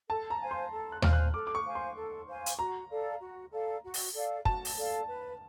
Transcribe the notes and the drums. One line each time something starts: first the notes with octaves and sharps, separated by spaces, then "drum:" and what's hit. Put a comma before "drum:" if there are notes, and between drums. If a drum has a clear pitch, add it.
A4 A5
A#5
C5 F5 G#5
C6
A4
F#6
C5 F5 G#5 F6, drum: tom D#2
F#6
A4 D6
D6
C#6
C5 F5 G#5
C6
A4
C5 F5 G#5
drum: hi-hat
F#4 A#5
A4 D5 F5
F#4
A4 D5 F5
F#4
drum: open hi-hat
A4 D5 F5
F#4 A5, drum: kick
drum: open hi-hat
A4 D5 F5
B4